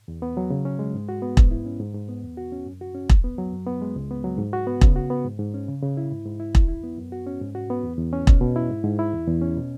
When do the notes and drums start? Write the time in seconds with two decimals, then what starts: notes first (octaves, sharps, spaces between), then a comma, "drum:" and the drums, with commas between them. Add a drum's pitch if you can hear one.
0.08 E2
0.22 B3
0.37 F#3
0.50 C#3
0.65 C#4
0.79 G#3
0.94 G#2
1.09 F#4
1.22 B3
1.37 G#2, drum: kick E1
1.51 E4
1.66 C#4
1.80 G#2
1.94 G#2
2.09 B3
2.23 E2
2.37 F#4
2.52 C#4
2.66 F#2
2.81 F#4
2.95 C#4
3.09 E2, drum: kick E1
3.24 B3
3.38 F#3
3.52 F#2
3.67 B3
3.82 G#3
3.96 C#2
4.11 B3
4.24 F#3
4.38 G#2
4.53 F#4
4.67 B3
4.81 C#3, drum: kick E1
4.96 F#4
5.10 B3
5.25 G#2
5.39 G#2
5.54 C#4
5.68 C#3
5.83 C#3
5.97 E4
6.12 G#2
6.26 G#2
6.40 E4
6.55 E2, drum: kick E1
6.68 E4
6.83 B3
6.98 F#2
7.12 F#4
7.26 C#4
7.41 G#2
7.55 F#4
7.70 B3
7.84 E2
7.98 E2
8.13 C#4
8.27 B2, drum: kick E1
8.41 B2
8.56 E4
8.70 G#2
8.84 G#2
8.99 E4
9.13 E2
9.27 E2
9.42 C#4
9.57 B2